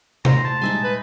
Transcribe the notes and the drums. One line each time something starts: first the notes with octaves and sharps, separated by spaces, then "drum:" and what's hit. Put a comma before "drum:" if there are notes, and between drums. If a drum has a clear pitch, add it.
C5 A#5, drum: tom C3
A5
A#2 G3 G#3 D#4 E5 G#5
B4